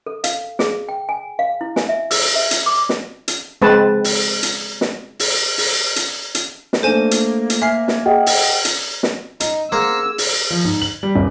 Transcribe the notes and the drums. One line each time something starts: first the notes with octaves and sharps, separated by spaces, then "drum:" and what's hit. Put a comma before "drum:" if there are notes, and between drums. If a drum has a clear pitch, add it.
A4
F5, drum: hi-hat
G#4, drum: snare
G5
G#5
F5
E4
G#5, drum: snare
E5
E6, drum: open hi-hat
E5
drum: hi-hat
D6
drum: snare
drum: hi-hat
G#3 C4 B4 A5
drum: open hi-hat
drum: hi-hat
drum: snare
drum: open hi-hat
drum: open hi-hat
drum: hi-hat
drum: hi-hat
drum: snare
A3 A#3 D4 C5 G#5 E7
drum: hi-hat
drum: hi-hat
E5 G#5 F6 C7
drum: snare
G#4 D#5 F#5 G5
drum: open hi-hat
drum: hi-hat
drum: snare
D#4, drum: hi-hat
A#3 G#4 C5 F#5 A#5 E6
drum: open hi-hat
F3
G#2
F#7
G3
D#1